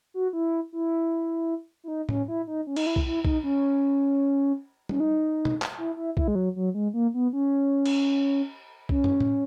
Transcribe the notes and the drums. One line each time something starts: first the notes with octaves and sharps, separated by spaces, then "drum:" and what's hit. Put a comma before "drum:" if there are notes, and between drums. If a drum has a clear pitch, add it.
F#4
E4
E4
E4
D#4
C#4, drum: tom A2
E4
D#4
C#4
D#4, drum: cymbal
E4
drum: kick
E4
D#4, drum: kick
C#4
C#4, drum: tom
D#4
drum: tom B2
drum: clap
E4
E4
E4, drum: kick
G#3
F#3
F#3
G#3
A#3
B3
C#4
drum: cymbal
C#4, drum: kick
drum: tom
drum: tom A2